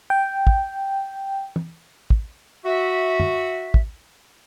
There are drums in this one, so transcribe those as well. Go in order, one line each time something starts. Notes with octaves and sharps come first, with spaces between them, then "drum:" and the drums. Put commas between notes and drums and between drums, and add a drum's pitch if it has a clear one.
G5
drum: kick
drum: tom
drum: kick
F#4 E5
drum: tom F#2
drum: kick